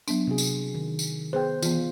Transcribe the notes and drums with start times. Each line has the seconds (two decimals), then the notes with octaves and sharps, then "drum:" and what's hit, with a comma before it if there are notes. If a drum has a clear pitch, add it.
0.08 F#3 B3 D4, drum: tambourine
0.27 C3 F#4 G#4
0.38 drum: tambourine
0.75 D#3
0.99 drum: tambourine
1.33 B3 G#4 B4 C5 G5
1.63 E3 B3 F4, drum: tambourine